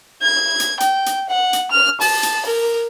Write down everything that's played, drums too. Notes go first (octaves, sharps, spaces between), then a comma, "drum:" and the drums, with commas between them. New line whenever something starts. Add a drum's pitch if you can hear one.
G#6
drum: hi-hat
G5, drum: hi-hat
drum: hi-hat
F#5
drum: hi-hat
F6
A5, drum: open hi-hat
drum: hi-hat
A#4